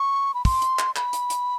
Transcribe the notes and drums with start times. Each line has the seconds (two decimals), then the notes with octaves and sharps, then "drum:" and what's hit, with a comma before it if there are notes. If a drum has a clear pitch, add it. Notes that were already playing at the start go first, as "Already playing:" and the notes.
Already playing: C#6
0.34 B5
0.45 C6, drum: kick, open hi-hat
0.62 drum: hi-hat
0.79 drum: clap
0.96 B5, drum: clap
1.13 drum: hi-hat
1.30 drum: hi-hat